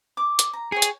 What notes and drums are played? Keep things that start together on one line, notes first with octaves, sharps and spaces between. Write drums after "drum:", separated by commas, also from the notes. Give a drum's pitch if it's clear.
D6
drum: hi-hat
A#5
G#4 C#5 G5 G#5
drum: hi-hat